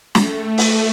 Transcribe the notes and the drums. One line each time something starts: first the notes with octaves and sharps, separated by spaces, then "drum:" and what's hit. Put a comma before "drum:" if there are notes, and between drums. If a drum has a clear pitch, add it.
A3, drum: snare
drum: open hi-hat